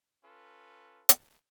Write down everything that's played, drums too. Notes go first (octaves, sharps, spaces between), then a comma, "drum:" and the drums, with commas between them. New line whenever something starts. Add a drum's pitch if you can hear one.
C#4 F4 A4 B4
drum: hi-hat